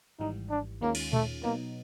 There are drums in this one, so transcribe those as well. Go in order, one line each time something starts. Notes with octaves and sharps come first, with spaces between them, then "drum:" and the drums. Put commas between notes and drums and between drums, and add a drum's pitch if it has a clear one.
G#1 G#2 E3 G3 D#4
D4
D#2 D#3 G#3 A#3 C#4 F4
drum: cymbal
A3, drum: tom A#2
B2 F#3 A#3 B3 D#4